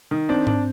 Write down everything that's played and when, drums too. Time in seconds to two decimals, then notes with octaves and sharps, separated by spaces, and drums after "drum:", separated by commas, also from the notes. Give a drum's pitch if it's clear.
0.11 D#3
0.29 C4 D4
0.47 D4, drum: tom G#2